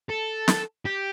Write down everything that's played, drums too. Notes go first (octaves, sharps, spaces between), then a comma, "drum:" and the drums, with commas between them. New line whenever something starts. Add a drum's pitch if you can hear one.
A4
drum: snare
G4